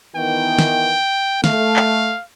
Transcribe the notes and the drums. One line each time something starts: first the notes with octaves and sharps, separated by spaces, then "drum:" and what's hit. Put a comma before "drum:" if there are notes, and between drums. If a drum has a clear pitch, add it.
D#3 E3 B3 G5
drum: snare
A3 F5, drum: snare
drum: clap